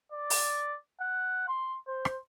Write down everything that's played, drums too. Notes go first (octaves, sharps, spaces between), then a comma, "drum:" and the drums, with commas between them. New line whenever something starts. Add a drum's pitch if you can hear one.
D5
drum: open hi-hat
F#5
C6
C5
drum: rim click